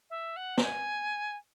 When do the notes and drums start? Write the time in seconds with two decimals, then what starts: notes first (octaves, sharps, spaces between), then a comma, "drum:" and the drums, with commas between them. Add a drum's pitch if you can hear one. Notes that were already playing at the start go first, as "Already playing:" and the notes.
0.10 E5
0.36 F#5
0.58 A#5, drum: snare
0.63 G#5